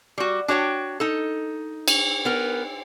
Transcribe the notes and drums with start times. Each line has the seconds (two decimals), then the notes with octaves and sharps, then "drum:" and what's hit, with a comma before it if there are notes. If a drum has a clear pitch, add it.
0.18 G3 F#4
0.48 D4 F#4 C#5 G5
1.00 D#4 A4
1.88 drum: cymbal
2.25 B3 A#4